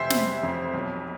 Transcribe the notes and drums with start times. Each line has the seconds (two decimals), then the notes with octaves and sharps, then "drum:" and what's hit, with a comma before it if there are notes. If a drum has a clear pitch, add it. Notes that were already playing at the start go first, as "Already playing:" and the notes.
Already playing: F1 E3 C5 E5
0.10 C3, drum: snare
0.43 F2
0.74 B1